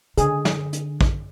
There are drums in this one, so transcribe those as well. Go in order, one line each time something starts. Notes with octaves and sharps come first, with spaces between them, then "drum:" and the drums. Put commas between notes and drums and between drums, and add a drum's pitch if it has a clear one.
D3 D4 G#4, drum: hi-hat
drum: snare
drum: hi-hat
drum: kick